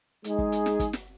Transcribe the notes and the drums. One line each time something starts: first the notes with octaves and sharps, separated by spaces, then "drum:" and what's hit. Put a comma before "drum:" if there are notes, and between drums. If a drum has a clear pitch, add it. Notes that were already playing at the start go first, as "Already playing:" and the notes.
G#3 D#4 G#4, drum: hi-hat
drum: kick
drum: hi-hat
drum: snare
drum: kick, hi-hat
drum: snare